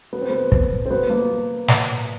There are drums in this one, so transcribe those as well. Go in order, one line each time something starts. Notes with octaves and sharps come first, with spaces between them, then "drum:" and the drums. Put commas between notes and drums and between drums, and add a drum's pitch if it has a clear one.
B3
C4
B3
drum: kick
C4
B3
A#3
drum: snare